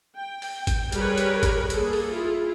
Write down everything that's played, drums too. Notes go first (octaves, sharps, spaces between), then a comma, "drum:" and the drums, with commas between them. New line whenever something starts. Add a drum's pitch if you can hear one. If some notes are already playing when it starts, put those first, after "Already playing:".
G5
drum: open hi-hat
drum: kick, hi-hat
G3 G4 G#4 A#4 B4 C#5, drum: hi-hat
drum: hi-hat
drum: kick, hi-hat
A#3 G#4 A4, drum: hi-hat
drum: open hi-hat
E4 F4 G#4